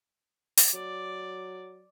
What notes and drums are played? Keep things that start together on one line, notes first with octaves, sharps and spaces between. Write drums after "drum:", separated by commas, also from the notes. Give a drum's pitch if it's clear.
drum: open hi-hat
F#3 D5